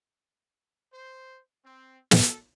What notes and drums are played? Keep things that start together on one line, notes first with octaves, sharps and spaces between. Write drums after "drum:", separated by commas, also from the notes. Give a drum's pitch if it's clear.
C5
C4
A4, drum: snare